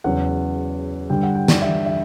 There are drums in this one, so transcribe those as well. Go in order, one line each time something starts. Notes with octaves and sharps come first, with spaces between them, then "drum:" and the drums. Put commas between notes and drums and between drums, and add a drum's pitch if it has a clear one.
E2 C#3 F#3 F#5
G2 D3 G3 G5
F#5
G5
D5, drum: snare
E5
E5